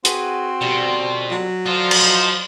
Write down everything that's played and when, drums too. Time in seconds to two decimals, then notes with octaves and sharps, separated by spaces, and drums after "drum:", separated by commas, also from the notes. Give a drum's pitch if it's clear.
0.05 C4 F#4 G#4 B4 F#5, drum: hi-hat
0.61 B2 D3 F3 G3
1.31 F#3
1.66 D3 F3 F4 C5
1.91 drum: cymbal
2.01 D#4 A5